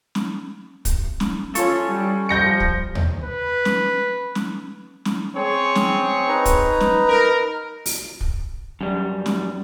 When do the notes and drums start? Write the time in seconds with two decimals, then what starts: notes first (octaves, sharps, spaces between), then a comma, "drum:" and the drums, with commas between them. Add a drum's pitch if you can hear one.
0.15 drum: snare
0.85 drum: kick, hi-hat
1.20 drum: snare
1.55 C#4 F4 A4 C#5 C#6, drum: hi-hat
1.88 G3
2.29 F3 G3 G6 A#6 C#7
2.60 drum: kick
2.95 drum: tom D#2
3.23 B4
3.65 drum: snare
4.35 drum: snare
5.05 drum: snare
5.35 C4 G#4 C#5
5.75 drum: snare
6.28 D#4 B4 A#5
6.45 drum: kick, hi-hat
6.80 drum: snare
7.07 A#4
7.86 drum: open hi-hat
8.21 drum: kick
8.81 F#2 G3
9.26 drum: snare